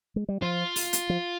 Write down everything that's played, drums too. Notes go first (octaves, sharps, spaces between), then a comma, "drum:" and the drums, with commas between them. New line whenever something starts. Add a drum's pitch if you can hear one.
G#3
G3
F3 F4
drum: open hi-hat
drum: hi-hat
F3